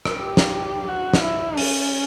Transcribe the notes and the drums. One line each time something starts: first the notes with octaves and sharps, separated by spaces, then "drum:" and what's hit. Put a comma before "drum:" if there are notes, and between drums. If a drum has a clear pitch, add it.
drum: rim click
G4
drum: snare
F#4
drum: snare
E4
C#4, drum: open hi-hat